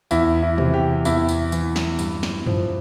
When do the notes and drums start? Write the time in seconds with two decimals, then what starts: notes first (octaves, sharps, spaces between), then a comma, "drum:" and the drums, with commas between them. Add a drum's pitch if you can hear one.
0.11 E2 E4, drum: tambourine
0.43 E4
0.58 C3 E3, drum: tom B2
0.74 G4
1.05 E2 E4, drum: tambourine
1.29 drum: tambourine
1.52 E3, drum: tambourine
1.76 drum: snare
1.99 G2, drum: tambourine
2.23 drum: snare
2.47 F3, drum: tom F#2